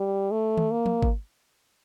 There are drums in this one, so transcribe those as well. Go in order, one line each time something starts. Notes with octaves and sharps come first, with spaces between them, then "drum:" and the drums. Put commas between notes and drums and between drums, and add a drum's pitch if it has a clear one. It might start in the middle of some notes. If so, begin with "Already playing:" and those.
Already playing: G3
A3
drum: tom D#3
A#3
drum: tom
drum: kick G#1